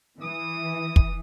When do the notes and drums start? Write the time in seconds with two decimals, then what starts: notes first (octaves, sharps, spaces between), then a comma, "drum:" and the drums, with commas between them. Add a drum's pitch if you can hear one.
0.21 E3 D#6
0.96 drum: kick